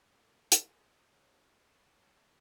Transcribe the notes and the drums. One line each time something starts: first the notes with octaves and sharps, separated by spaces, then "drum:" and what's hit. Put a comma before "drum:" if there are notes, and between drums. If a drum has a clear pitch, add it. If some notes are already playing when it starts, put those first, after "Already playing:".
A#3 A4
drum: hi-hat
D#2 G#4 A4 C5 D#6
D3
F2 C#3 F#3
C#5 F#5 A5